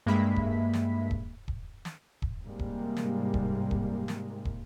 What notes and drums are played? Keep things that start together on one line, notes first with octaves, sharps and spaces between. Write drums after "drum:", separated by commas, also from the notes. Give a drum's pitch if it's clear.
G2 G#3 A#3 E5 B5 B6
drum: kick
drum: snare
drum: kick
drum: kick
drum: snare
drum: kick
G#2 C3 G3 G#3 A#3
drum: kick
drum: snare
drum: kick
drum: kick
drum: snare
drum: kick